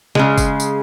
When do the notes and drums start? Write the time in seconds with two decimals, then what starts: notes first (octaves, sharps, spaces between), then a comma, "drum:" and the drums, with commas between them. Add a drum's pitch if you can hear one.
0.15 C#3 G#3, drum: snare
0.38 drum: kick F#1, tambourine
0.60 drum: tambourine